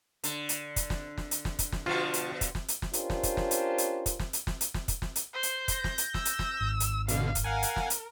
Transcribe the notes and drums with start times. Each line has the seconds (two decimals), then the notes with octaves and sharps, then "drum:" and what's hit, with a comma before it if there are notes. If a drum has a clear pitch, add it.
0.24 D3, drum: hi-hat
0.49 drum: hi-hat
0.76 drum: kick, hi-hat
0.90 drum: snare
1.17 drum: snare
1.31 drum: hi-hat
1.45 drum: snare
1.59 drum: kick, hi-hat
1.72 drum: snare
1.86 B2 D3 F3 F4 F#4
2.14 drum: hi-hat
2.41 drum: kick, hi-hat
2.55 drum: snare
2.68 drum: hi-hat
2.82 drum: snare
2.93 C#4 D4 F4 G4 A#4 C5, drum: hi-hat
3.10 drum: snare
3.23 drum: kick, hi-hat
3.37 drum: snare
3.51 drum: hi-hat
3.78 drum: hi-hat
4.06 drum: kick, hi-hat
4.19 drum: snare
4.33 drum: hi-hat
4.47 drum: snare
4.61 drum: hi-hat
4.74 drum: snare
4.88 drum: kick, hi-hat
5.02 drum: snare
5.16 drum: hi-hat
5.34 C5
5.43 drum: hi-hat
5.68 G6 A#6, drum: kick, hi-hat
5.84 drum: snare
5.98 drum: hi-hat
6.14 E6, drum: snare
6.25 drum: hi-hat
6.39 drum: snare
6.61 G#1
6.80 drum: hi-hat
7.08 B2 D3 F5, drum: hi-hat
7.35 drum: kick, hi-hat
7.44 A#4 F5 F#5 G#5
7.63 drum: hi-hat
7.76 drum: snare
7.90 drum: hi-hat